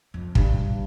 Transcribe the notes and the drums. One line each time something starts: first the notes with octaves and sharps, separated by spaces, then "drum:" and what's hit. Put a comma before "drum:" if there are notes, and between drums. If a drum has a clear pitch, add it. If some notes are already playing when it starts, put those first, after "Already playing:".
F2
G2, drum: kick